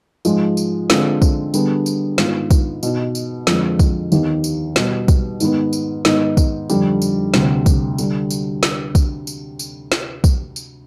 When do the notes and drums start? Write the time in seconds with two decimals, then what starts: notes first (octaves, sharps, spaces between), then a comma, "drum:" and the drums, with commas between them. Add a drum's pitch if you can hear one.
0.25 G#2 F3 G#3, drum: tambourine
0.57 drum: tambourine
0.90 D3 G#3 C4 F4, drum: snare
1.22 drum: kick, tambourine
1.54 D3 G3 B3 D4 G#4, drum: tambourine
1.86 drum: tambourine
2.18 G#2 D#3 B3 F4, drum: snare
2.51 drum: kick, tambourine
2.83 B2 B3 D#4, drum: tambourine
3.15 drum: tambourine
3.47 F2 D3 G#3 C4 F4, drum: snare
3.79 drum: kick, tambourine
4.12 D#2 D#3 B3 D#4 G4, drum: tambourine
4.44 drum: tambourine
4.76 B2 G3 B3, drum: snare
5.08 drum: kick, tambourine
5.40 G#2 D#3 B3, drum: tambourine
5.73 drum: tambourine
6.05 G#2 D#3 B3 D#4, drum: snare
6.37 drum: kick, tambourine
6.70 F2 D3 G3, drum: tambourine
7.02 drum: tambourine
7.34 D2 C3 G3, drum: snare
7.66 drum: kick, tambourine
7.98 D3 G3, drum: tambourine
8.30 drum: tambourine
8.63 drum: snare
8.95 drum: kick, tambourine
9.27 drum: tambourine
9.59 drum: tambourine
9.92 drum: snare
10.24 drum: kick, tambourine
10.56 drum: tambourine